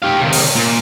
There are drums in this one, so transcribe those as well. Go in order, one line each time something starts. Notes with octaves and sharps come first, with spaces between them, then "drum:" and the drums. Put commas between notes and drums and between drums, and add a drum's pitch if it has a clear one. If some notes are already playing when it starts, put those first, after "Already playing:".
G4 F5
C3 D#3
drum: open hi-hat
A#2